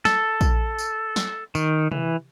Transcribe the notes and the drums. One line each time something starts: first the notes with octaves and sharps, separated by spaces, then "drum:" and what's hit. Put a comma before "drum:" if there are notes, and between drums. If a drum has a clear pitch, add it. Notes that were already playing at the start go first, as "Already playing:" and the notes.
A4, drum: snare
drum: kick, tambourine
drum: tambourine
drum: snare
D#3, drum: tambourine
E3, drum: tom C3